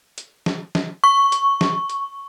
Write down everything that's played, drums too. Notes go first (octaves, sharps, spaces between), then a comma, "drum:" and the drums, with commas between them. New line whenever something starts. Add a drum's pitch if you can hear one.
drum: hi-hat
drum: snare
drum: snare
C#6
drum: hi-hat
drum: snare
drum: hi-hat